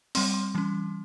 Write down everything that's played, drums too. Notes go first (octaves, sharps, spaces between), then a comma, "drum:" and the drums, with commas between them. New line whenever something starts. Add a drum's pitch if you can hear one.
G3 C4 C6, drum: open hi-hat
C6
E3 G3 C#4